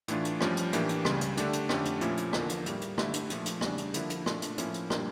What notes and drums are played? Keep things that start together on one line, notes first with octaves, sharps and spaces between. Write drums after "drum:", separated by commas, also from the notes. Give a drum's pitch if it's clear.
A2 E3 A3 D4 F4, drum: hi-hat
drum: hi-hat
G2 F3 C#4 G4, drum: rim click
drum: hi-hat
A2 E3 A#3 D4 G4, drum: hi-hat
drum: hi-hat
C#2 C#3 G3, drum: rim click
drum: hi-hat
D3 A3 D4 G4, drum: hi-hat
drum: hi-hat
F2 D3 A3 C#4 G4, drum: rim click
drum: hi-hat
A#2 F3 A#3 C#4 E4, drum: hi-hat
drum: hi-hat
E2 D3 F3 A#3, drum: rim click
drum: hi-hat
A2 G3 A#3, drum: hi-hat
drum: hi-hat
D3 A3 E4 G4, drum: rim click
drum: hi-hat
A#2 F3 A3, drum: hi-hat
drum: hi-hat
E2 C#3 G3 D4, drum: rim click
drum: hi-hat
D3 F3 A#3 E4, drum: hi-hat
drum: hi-hat
A#2 A3 D4, drum: rim click
drum: hi-hat
A2 F3 A#3 C#4 E4, drum: hi-hat
drum: hi-hat
A#2 G3 A#3 D4, drum: rim click